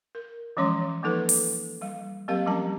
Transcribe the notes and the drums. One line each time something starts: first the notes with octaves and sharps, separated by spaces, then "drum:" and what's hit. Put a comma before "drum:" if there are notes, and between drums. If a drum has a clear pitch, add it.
A#4
E3 F3 G#3 C#4 C#5 C6
F3 A3 A#3 D#4 A4 B4
drum: open hi-hat
G3 F5
F#3 A#3 C4 G4 A#4 F5
F3 G3 C#4 A5